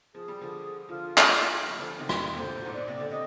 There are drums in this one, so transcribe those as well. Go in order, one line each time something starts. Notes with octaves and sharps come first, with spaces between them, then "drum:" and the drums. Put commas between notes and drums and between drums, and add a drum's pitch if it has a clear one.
F3 G#4
G3
D3 F3
D3 F3 F4
drum: clap
F3
G3
D3 F3
C3 D#3
drum: rim click
C3
A#2 D3 C5
G#2
A#2 D5
C3
D3
C3 D#5